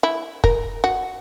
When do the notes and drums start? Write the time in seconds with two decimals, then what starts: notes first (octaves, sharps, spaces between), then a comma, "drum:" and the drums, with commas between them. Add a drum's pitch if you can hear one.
0.03 E4
0.44 A#4, drum: kick
0.84 F#4